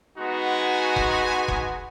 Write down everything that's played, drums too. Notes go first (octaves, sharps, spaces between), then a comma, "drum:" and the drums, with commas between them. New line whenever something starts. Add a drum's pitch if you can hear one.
G#3 B3 D#4 F#4
G#5
drum: kick F1
drum: kick F1